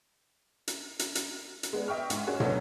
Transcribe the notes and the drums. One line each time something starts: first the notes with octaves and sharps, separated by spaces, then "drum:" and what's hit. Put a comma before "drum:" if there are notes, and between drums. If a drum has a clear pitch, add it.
drum: hi-hat
drum: hi-hat
drum: hi-hat
drum: hi-hat
G#3 B3 D4
D#5 E5 G5 C#6 F6
G#2, drum: hi-hat
C#4 F#4 G#4
D2 B2 F#3 A3 B3 C#4, drum: tom